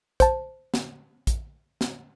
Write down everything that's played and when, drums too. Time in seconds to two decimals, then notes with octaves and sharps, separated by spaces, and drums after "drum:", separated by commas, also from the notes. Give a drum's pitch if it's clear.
0.20 C5 A5, drum: kick, hi-hat
0.74 drum: snare
1.27 drum: kick, hi-hat
1.81 drum: snare